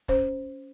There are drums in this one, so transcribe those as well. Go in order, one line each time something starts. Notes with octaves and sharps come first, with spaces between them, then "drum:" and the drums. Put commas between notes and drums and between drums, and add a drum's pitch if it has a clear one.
C#4 C5, drum: kick